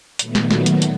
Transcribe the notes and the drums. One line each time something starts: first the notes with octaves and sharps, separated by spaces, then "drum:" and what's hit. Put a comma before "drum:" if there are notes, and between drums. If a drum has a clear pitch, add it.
A#2 D#3 F#3 A3 B3, drum: hi-hat
drum: snare
drum: snare
drum: hi-hat
drum: hi-hat